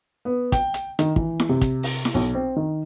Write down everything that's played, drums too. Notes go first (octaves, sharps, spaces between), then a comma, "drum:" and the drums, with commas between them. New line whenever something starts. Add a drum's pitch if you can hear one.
B3
G5, drum: kick, hi-hat
drum: hi-hat
D#3, drum: hi-hat
E3, drum: kick
drum: snare E4
C3
drum: kick, hi-hat
drum: open hi-hat
drum: snare E4
B1
C4
D#3